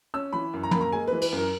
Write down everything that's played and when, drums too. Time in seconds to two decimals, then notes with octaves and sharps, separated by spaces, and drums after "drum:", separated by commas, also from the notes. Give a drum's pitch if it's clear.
0.14 C#4 E6
0.33 E3 B5
0.54 F#2
0.63 A#5
0.71 A#3 B5, drum: tom
0.81 A#5
0.92 G#3 G#5
1.07 E3 B4
1.21 B4, drum: cymbal
1.33 F#2 A#4